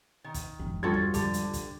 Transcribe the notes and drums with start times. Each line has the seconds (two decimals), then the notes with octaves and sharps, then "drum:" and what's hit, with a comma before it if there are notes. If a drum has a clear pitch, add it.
0.24 D#3
0.34 drum: kick, hi-hat
0.60 F2 G#2
0.83 F3 G3 F4 F#4 A4 G#6
0.94 drum: kick
1.14 D3 G4, drum: kick, hi-hat
1.34 drum: hi-hat
1.53 drum: kick, hi-hat